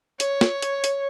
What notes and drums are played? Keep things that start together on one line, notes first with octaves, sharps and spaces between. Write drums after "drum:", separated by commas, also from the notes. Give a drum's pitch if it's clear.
C#5, drum: hi-hat
drum: snare
drum: hi-hat
drum: hi-hat